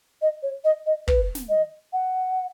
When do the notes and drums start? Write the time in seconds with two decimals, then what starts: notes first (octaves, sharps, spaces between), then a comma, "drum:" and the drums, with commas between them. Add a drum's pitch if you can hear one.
0.22 D#5
0.43 C#5
0.64 D#5
0.86 D#5
1.08 B4, drum: kick
1.35 drum: snare
1.49 D#5
1.93 F#5